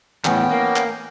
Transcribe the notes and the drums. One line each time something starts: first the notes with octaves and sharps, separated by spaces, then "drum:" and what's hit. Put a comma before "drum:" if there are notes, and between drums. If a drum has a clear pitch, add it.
E2 A2 B3 C#4 G5, drum: clap
A#3
drum: clap